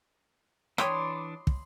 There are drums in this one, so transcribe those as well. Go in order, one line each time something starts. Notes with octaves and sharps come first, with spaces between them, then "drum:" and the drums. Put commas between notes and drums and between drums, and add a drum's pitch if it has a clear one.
E3 D4 C#5 G5 B5 C6 D6 D#6, drum: rim click
drum: kick